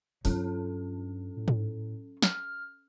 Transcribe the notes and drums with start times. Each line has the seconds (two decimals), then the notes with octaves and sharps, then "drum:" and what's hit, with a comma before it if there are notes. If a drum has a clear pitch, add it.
0.25 G2 F#3 C#4 F4 A4, drum: open hi-hat
1.37 A2
1.48 drum: tom G#2
2.22 F6, drum: snare